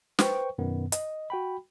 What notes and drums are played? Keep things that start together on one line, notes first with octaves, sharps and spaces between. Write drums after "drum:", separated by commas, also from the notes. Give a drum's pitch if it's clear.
B4 C5 G5 C#6, drum: snare
F#2 B2 D#3 B3
D#5, drum: hi-hat
F#4 G5 B5